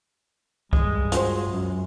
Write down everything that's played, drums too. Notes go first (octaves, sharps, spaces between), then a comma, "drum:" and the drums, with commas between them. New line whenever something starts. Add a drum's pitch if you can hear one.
G2 G#3, drum: kick C2
F4 F#4 C5, drum: hi-hat
F#2